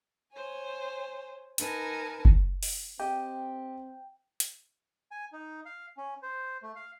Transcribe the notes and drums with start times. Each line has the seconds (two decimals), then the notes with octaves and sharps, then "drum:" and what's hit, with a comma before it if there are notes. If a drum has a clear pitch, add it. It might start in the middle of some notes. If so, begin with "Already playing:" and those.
0.32 C5 C#5 G#5
1.58 D#4 A#4 B4 G#5 A5, drum: hi-hat
2.25 drum: kick F#1
2.63 drum: open hi-hat
3.00 C4 G4 D#5 G5
4.40 drum: hi-hat
5.11 G#5
5.33 D#4
5.66 F5
5.97 C#4
6.22 C5
6.63 A3
6.76 F5